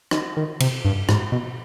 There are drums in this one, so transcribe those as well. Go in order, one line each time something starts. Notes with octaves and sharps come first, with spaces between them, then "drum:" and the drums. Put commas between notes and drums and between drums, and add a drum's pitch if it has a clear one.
D#3, drum: rim click
D#3
C3, drum: cymbal
G2
G#2, drum: rim click
B2